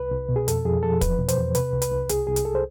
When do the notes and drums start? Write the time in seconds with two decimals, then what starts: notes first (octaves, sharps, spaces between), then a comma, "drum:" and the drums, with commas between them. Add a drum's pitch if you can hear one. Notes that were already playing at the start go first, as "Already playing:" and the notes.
Already playing: C2 B4
0.11 C2
0.29 B2
0.36 G#4
0.48 F2 A4, drum: hi-hat
0.65 F2 G#4
0.83 F3 A4
1.01 E2 B4, drum: kick, hi-hat
1.19 B2
1.28 C5, drum: hi-hat
1.38 E2
1.55 C3 B4, drum: hi-hat
1.73 C2
1.82 B4, drum: hi-hat
1.92 C2
2.09 C2 G#4, drum: hi-hat
2.27 C2 G#4
2.36 drum: hi-hat
2.45 A4
2.55 C5